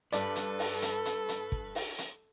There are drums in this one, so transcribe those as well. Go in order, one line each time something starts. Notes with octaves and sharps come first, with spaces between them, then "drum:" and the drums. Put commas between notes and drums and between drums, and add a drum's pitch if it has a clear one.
G2 A4 B4 D5, drum: hi-hat
drum: hi-hat
drum: open hi-hat
drum: hi-hat
drum: hi-hat
drum: hi-hat
drum: kick
drum: open hi-hat
drum: hi-hat